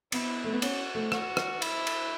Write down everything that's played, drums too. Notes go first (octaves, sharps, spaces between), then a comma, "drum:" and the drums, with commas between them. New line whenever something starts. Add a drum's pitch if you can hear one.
B3 E4, drum: cymbal
A3
B3
C#4 F#4, drum: cymbal
A3
F#4, drum: rim click
drum: rim click
E4, drum: cymbal
drum: cymbal